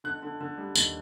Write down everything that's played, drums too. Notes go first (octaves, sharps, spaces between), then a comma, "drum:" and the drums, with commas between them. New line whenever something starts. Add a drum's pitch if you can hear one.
D3 F#6
D3
D3
G3
D#2, drum: tambourine